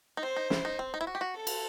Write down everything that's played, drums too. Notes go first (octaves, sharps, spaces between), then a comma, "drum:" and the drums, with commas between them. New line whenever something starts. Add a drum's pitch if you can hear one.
D#4
C4 C5
D#4
E4, drum: snare
D#4
C4
D#4
E4
F#4
G4
F#4
A4
drum: cymbal